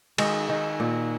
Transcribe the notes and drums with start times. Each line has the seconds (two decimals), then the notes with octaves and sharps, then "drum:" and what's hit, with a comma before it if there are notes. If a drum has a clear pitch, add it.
0.18 D#3 G#3, drum: cymbal
0.49 D#3
0.80 A#2